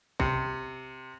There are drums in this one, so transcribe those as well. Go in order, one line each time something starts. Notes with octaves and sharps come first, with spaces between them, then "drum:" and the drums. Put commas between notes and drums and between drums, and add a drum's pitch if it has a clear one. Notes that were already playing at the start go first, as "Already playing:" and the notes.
C3, drum: kick